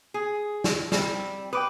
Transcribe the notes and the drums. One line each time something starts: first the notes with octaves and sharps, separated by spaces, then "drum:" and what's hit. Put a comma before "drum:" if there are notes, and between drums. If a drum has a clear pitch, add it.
G#4
drum: snare
G3 C4, drum: snare
B4 G5 D6 D#6